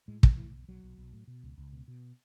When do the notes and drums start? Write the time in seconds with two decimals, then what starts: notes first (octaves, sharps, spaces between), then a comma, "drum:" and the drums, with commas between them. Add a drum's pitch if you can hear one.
0.08 A2 G#3
0.23 B1, drum: kick
0.37 A2 E3
0.52 B1
0.68 B1 F#3
0.83 B1
0.98 B1
1.13 A2
1.27 B2
1.43 C#2
1.58 C#2
1.73 B2
1.88 B2